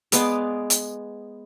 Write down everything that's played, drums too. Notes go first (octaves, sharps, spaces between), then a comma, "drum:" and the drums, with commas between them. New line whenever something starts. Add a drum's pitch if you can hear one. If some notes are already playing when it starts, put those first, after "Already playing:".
G#3 B3 D5 F5, drum: hi-hat
drum: hi-hat